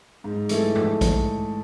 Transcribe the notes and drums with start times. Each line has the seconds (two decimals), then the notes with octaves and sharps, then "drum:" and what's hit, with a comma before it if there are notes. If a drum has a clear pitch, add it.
0.24 G#2
0.49 E3 A3 E4 A4, drum: hi-hat
0.75 drum: tom G2
1.01 drum: kick, hi-hat